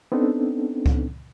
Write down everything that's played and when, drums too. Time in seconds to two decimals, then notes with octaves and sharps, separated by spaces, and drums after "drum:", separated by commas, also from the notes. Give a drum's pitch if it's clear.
0.12 B3 C4 D4 D#4 A4
0.86 drum: kick C#2